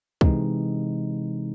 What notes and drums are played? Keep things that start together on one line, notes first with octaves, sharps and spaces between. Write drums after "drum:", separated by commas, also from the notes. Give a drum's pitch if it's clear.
C3 E3 G#3 C4 D#4, drum: kick